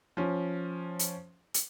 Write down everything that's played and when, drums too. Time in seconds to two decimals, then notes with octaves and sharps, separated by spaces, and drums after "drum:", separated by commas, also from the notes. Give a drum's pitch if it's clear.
0.17 F3 C#4
0.99 drum: hi-hat
1.54 drum: hi-hat